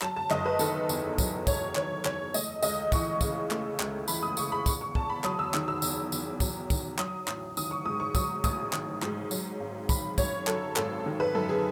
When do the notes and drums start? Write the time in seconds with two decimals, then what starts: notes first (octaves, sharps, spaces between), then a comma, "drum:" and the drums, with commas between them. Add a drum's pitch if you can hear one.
0.02 F#3 A5, drum: clap
0.16 A5
0.31 F#1 D#5, drum: clap
0.46 B4
0.59 D#3 A4, drum: tambourine
0.89 E2, drum: tambourine
1.18 F#3, drum: kick, tambourine
1.47 F#1 C#5, drum: kick, tambourine
1.75 D#3 C#5, drum: clap
2.05 E2 C#5, drum: clap
2.34 A3 D#5, drum: tambourine
2.63 C#2 D#5, drum: tambourine
2.92 E3 C#6, drum: kick, tambourine
3.21 C#3, drum: kick, tambourine
3.51 A3, drum: clap
3.80 C#2, drum: clap
4.08 E3 B5, drum: tambourine
4.23 D#6
4.37 C#3 C#6, drum: tambourine
4.52 B5
4.66 E2 C#6, drum: kick, tambourine
4.81 C#6
4.95 E2 A5, drum: kick
5.10 B5
5.24 F#3 D#6, drum: clap
5.39 E6
5.54 D#3, drum: clap
5.68 E6
5.82 E2, drum: tambourine
6.12 E2, drum: tambourine
6.40 F#3, drum: kick, tambourine
6.70 D#3, drum: kick, tambourine
6.98 F#3 D#6, drum: clap
7.28 A1, drum: clap
7.57 D#3 D#6, drum: tambourine
7.71 C#6
7.85 G#2 D#6
8.00 C#6
8.15 F#3 D#6, drum: kick, tambourine
8.44 A1 D#6, drum: kick, tambourine
8.73 D#3, drum: clap
9.02 G#2, drum: clap
9.31 F#3, drum: tambourine
9.60 G#1
9.89 D#3 B5, drum: kick, tambourine
10.18 F#2 C#5, drum: kick, tambourine
10.47 F#3 A4, drum: clap
10.76 G#1 A4, drum: clap
11.06 D#3
11.20 B4
11.35 F#2 A4
11.49 G#4